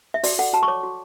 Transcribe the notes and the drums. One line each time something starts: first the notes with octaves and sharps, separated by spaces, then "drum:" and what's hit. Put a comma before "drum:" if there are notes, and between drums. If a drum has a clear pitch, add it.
E5
F#4 D5, drum: open hi-hat
A4 F#5
F#4 A5
C#6
C#5 D6
F#4